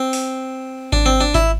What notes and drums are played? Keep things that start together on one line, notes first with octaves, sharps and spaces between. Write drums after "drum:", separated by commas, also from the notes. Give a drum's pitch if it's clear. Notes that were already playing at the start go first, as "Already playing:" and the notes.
Already playing: C4
drum: open hi-hat
D4, drum: kick G#1
C4
D4
E4, drum: kick G#1